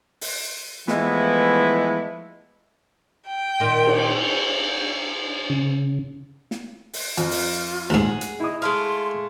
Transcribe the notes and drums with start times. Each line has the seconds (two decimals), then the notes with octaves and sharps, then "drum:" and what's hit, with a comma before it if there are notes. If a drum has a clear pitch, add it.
0.21 drum: open hi-hat
0.88 E3 F3 G#3 A3 B3 E4, drum: snare
3.28 G5
3.60 A#2 D#3
3.86 drum: cymbal
5.50 C#3
6.51 drum: snare
6.93 drum: open hi-hat
7.17 F2 F4, drum: hi-hat
7.31 drum: open hi-hat
7.90 D#2 G#2 G#4 F#5
8.21 drum: hi-hat
8.40 E4 D#5 D#6
8.62 G#3 A3 F5 C6